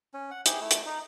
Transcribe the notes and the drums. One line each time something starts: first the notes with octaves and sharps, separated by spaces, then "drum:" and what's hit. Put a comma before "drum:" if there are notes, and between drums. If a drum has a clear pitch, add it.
C#4
F#5
E4 G4 G#4, drum: hi-hat
A3 E4
drum: hi-hat
D#4